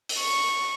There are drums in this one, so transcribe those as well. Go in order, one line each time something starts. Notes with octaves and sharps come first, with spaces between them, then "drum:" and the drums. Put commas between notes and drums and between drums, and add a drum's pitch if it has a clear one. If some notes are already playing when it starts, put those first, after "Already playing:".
drum: open hi-hat
C#6